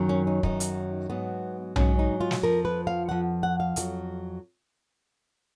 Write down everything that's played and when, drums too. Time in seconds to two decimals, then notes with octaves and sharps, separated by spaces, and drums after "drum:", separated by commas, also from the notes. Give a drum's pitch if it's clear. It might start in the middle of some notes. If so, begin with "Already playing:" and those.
Already playing: F#2 D#3 F#3
0.09 C#4
0.27 D#4
0.43 F#2 D#3 F#3 D#4, drum: kick
0.60 drum: hi-hat
1.10 G#2 F#3 B3
1.76 G#2 F#3 C#4, drum: tom B1
1.99 D#4
2.21 F4
2.31 drum: snare
2.43 F2 F3 A#4
2.65 B4
2.87 F5
3.09 F2 F3 F#5
3.43 F#5
3.60 F5
3.76 F2 D#3 F#3, drum: hi-hat